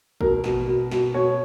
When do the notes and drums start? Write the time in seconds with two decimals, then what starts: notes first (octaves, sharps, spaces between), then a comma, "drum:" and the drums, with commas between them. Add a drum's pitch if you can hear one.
0.21 B2 A#4, drum: kick A1
0.44 B2, drum: snare
0.67 B2
0.91 B2, drum: snare
1.14 B2 C#5